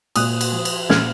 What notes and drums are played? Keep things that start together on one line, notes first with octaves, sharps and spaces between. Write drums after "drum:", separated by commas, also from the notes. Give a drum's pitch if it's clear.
A#2 D#6 F#6, drum: cymbal
drum: cymbal
F3
drum: cymbal
A#2 F6 G#6, drum: snare